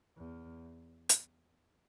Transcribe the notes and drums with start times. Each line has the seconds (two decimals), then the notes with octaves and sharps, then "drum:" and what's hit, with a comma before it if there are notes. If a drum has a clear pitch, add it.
0.17 E2
1.09 drum: hi-hat